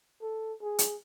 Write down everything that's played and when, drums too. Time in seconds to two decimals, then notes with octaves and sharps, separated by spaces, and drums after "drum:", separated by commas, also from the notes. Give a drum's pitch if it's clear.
0.22 A4
0.62 G#4
0.79 drum: hi-hat